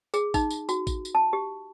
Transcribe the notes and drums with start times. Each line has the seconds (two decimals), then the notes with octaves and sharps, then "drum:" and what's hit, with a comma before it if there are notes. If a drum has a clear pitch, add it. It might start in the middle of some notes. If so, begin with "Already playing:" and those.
0.14 G#4, drum: tambourine
0.34 D#4, drum: kick, tambourine
0.50 drum: tambourine
0.69 F#4, drum: tambourine
0.87 drum: kick, tambourine
1.05 drum: tambourine
1.15 A5
1.33 G4